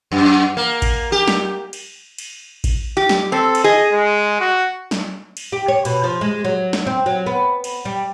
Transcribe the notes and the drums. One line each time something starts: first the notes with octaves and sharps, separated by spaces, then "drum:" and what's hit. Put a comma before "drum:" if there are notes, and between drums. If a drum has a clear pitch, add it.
F#2
A#3
drum: kick A1, cymbal
G4
drum: snare
drum: cymbal
drum: cymbal
drum: kick A1, cymbal
G4
drum: snare
C4 A4
drum: cymbal
G#4 D#5
G#3
F#4
drum: snare
drum: cymbal
G4
C#5
B2, drum: cymbal
F3
G#3
F#3
drum: snare
C4
F#3
B3
drum: cymbal
G3